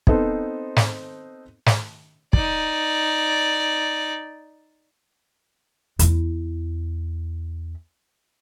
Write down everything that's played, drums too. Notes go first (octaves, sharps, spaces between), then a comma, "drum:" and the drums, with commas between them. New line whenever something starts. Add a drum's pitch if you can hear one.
B3 C4 D#4 A4 C5, drum: kick
drum: snare
drum: snare
D#4 D5, drum: kick
E2 E4, drum: hi-hat